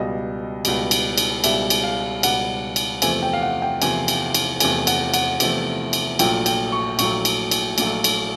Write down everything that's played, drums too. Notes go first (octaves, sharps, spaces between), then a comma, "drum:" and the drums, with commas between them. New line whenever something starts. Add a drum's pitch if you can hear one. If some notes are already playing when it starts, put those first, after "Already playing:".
Already playing: C#2 B2 G3 D#5
C#2 B2 G3, drum: cymbal
drum: cymbal
drum: cymbal
C#2 B2 G3 E5, drum: cymbal
drum: cymbal
F5
C#2 B2 G3 F#5, drum: cymbal
drum: cymbal
E2 C3 F3 A3 G#5, drum: cymbal
G5
F5
F#5
G5
E2 C3 F3 A3 G#5, drum: cymbal
drum: cymbal
drum: cymbal
E2 C3 F3 A3 G#5, drum: cymbal
F#5, drum: cymbal
F#5, drum: cymbal
E2 C3 F3 A3, drum: cymbal
drum: cymbal
A#1 A#2 F#3 A3 G5, drum: cymbal
G5, drum: cymbal
C#6
A#1 A#2 F#3 A3 C#6, drum: cymbal
drum: cymbal
drum: cymbal
A#1 A#2 F#3 A3, drum: cymbal
drum: cymbal